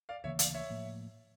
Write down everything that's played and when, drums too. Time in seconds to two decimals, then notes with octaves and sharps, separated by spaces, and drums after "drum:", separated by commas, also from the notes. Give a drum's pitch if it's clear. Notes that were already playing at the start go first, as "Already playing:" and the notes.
0.09 D5 F5
0.24 D2 C#3 E3 A#3 C#5 E5
0.39 D5 F5, drum: hi-hat
0.54 C#5 E5
0.70 A2 F3 A#3